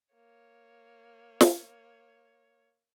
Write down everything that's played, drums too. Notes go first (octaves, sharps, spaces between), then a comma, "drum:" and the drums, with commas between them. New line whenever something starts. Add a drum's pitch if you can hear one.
A#3 C#5
drum: snare